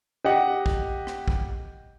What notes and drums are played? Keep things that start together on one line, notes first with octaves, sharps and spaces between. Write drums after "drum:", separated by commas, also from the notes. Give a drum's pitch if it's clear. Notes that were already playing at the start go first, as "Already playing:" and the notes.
G4 D#5 F#5
drum: kick
drum: rim click
drum: kick